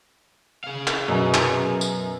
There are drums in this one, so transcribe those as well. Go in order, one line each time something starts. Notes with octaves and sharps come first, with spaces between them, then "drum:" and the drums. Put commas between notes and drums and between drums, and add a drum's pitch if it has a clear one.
G#4 F5
drum: clap
F#2 B2
drum: clap
drum: tambourine